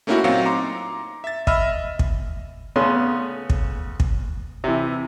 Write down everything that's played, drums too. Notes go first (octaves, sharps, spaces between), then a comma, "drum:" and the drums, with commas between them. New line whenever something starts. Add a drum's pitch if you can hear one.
A3 A#3 C#4 D#4 E4 F#4
A#2 F#3 C4 D#4 F5 C#7
A#5 C6 D6
E5 A6
D#5 E5 B5 E6 F6, drum: kick
drum: kick
C#3 A3 B3 C#4 C6
drum: kick
drum: kick
C3 E3